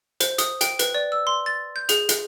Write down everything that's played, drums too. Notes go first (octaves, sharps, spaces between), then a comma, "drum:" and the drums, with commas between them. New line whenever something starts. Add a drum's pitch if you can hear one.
C5, drum: hi-hat
D#6, drum: hi-hat
G5, drum: hi-hat
B4, drum: hi-hat
D5
E6
C6
A6
G6
G#4, drum: hi-hat
drum: hi-hat